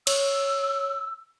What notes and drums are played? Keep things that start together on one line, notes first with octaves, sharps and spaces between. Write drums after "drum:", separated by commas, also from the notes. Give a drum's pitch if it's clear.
C#5 E6, drum: cymbal